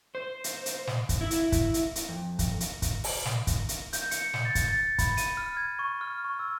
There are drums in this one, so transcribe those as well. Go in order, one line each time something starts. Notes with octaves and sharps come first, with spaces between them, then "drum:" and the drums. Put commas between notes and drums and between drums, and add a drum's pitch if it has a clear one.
C5
drum: hi-hat
drum: hi-hat
drum: snare
drum: kick, hi-hat
E4
drum: hi-hat
drum: kick, hi-hat
drum: hi-hat
drum: hi-hat
F2
drum: kick, hi-hat
drum: hi-hat
drum: kick, hi-hat
drum: open hi-hat
drum: snare
drum: kick, hi-hat
drum: hi-hat
G6, drum: hi-hat
C#7, drum: hi-hat
drum: snare
A6
drum: kick, hi-hat
A6
B5, drum: kick, hi-hat
D#7, drum: hi-hat
F6
G#6
C#6
F6
C#6
E6